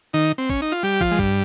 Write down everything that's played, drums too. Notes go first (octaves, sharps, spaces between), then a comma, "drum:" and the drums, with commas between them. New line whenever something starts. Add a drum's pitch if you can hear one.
D#3 D#4
C4
C#4, drum: kick
D#4
F4
G3 G4
F3 F4, drum: kick
G#3
G2 G3, drum: kick